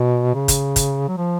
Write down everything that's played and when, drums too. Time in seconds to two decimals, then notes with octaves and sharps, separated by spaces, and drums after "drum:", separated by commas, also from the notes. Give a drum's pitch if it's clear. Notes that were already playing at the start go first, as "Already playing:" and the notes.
Already playing: B2
0.35 C#3
0.48 drum: kick, hi-hat
0.76 drum: kick, hi-hat
1.08 F#3
1.17 F3